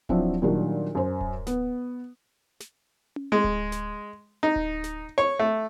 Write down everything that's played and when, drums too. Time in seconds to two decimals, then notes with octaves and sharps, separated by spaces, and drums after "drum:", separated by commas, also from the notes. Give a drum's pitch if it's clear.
0.09 F3 F#3 C4 D4 E4, drum: kick D1
0.42 A#2 D#3 F#3 G3 D4
0.95 F#2 C5
1.21 drum: kick D1
1.47 B3, drum: snare
2.60 drum: snare
3.16 drum: tom C#4
3.32 G#3
3.44 drum: kick D1
3.72 drum: snare
4.43 D#4
4.56 drum: kick D1
4.84 drum: snare
5.18 C#5
5.39 A3